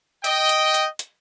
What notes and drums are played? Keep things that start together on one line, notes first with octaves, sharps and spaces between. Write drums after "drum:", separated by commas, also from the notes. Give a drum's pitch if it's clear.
D#5 G5, drum: hi-hat
drum: hi-hat
drum: hi-hat
drum: hi-hat